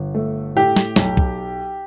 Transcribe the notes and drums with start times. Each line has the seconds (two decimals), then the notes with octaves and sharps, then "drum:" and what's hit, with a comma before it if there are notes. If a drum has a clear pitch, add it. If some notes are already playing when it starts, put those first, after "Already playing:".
Already playing: G1
0.15 A3
0.55 A2 G4
0.76 drum: snare
0.96 B1, drum: snare
1.17 drum: kick